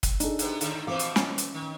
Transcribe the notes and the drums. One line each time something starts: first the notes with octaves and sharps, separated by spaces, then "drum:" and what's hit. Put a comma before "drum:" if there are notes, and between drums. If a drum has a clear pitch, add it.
drum: kick, hi-hat
D4 D#4 G#4 A4, drum: hi-hat
C3 B3, drum: hi-hat
G#2 D3 D#3, drum: hi-hat
B2 E3 F3 A3 C4 F5 D6
drum: hi-hat
C#4, drum: snare
drum: hi-hat
D#3